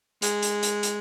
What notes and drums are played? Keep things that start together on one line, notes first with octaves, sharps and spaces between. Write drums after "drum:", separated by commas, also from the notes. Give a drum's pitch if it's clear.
G#3, drum: hi-hat
drum: hi-hat
drum: hi-hat
drum: hi-hat